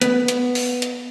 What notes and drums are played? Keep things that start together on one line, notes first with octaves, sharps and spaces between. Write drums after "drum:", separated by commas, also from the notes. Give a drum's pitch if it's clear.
B3, drum: hi-hat
drum: hi-hat
drum: open hi-hat
drum: hi-hat